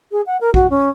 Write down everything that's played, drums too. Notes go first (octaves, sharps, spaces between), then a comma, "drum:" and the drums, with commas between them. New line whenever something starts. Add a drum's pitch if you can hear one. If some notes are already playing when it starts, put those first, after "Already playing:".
G#4
F#5
A#4
F#4, drum: kick
C#4